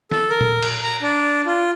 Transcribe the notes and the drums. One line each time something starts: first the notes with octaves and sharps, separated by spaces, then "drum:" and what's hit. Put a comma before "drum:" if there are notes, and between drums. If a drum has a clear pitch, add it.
A4, drum: snare
A#4
drum: tom A#2
drum: cymbal
A#5
D4
F4